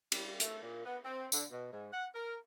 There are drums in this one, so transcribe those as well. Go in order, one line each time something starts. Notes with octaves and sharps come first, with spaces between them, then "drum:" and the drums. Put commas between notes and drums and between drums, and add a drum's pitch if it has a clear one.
G3, drum: cymbal
A3, drum: hi-hat
A#2
B3
C4
D3, drum: tambourine
B2
G#2
F#5
A#4